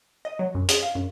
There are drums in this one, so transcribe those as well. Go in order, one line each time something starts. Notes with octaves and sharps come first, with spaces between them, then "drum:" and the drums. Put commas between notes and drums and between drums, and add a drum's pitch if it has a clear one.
D#5
F#3
F#2
G#4, drum: hi-hat
F5
F#2